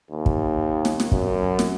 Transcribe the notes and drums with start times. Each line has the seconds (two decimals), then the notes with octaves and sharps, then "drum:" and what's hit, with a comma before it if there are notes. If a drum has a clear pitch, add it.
0.11 D#2
0.26 drum: kick
0.85 drum: snare
1.00 drum: snare
1.12 F#2, drum: kick
1.59 drum: snare